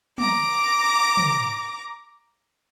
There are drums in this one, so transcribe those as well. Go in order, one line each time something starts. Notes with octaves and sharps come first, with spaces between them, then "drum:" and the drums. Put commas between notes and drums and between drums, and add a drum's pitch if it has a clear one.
A#5 D6, drum: tom
drum: tom